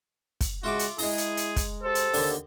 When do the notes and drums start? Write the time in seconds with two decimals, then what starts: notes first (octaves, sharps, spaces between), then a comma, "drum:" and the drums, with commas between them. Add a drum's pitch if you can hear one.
0.41 drum: kick, hi-hat
0.64 C#3 G#3 F4 F#4 E5 D6
0.79 drum: hi-hat
0.99 G#3 E4 G#4 A#5, drum: open hi-hat
1.18 drum: hi-hat
1.37 drum: hi-hat
1.56 drum: kick, hi-hat
1.83 G4 A4 C5
1.95 drum: hi-hat
2.14 D#2 D3, drum: open hi-hat